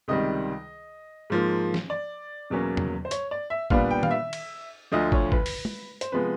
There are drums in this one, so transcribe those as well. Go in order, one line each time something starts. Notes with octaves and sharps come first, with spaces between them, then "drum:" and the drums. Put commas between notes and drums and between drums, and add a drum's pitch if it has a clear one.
C#2 C3 D#3 G3 D#5
G#2 F3 A#3
drum: snare
D5
E2 B2 F#3 A#3 C#4
drum: tom
C5
C#5, drum: hi-hat
D5
E5
A#2 G3 B3 D4 F5, drum: kick
G5
F5, drum: tom
E5
drum: cymbal
D2 D3 F3 D#5
C#5, drum: kick
B4, drum: kick
drum: open hi-hat
drum: tom G#3
C5, drum: hi-hat
C3 F3 G#3 B3 B4